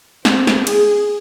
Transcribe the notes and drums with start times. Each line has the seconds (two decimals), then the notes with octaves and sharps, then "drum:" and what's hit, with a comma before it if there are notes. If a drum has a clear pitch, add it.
0.25 C4, drum: snare
0.47 drum: snare
0.67 G#4, drum: cymbal